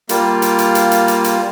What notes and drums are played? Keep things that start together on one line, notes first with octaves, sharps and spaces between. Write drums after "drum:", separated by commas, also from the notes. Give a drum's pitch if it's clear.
G3 A#3 F4, drum: hi-hat
drum: hi-hat
drum: hi-hat
drum: hi-hat
drum: hi-hat
drum: hi-hat
drum: hi-hat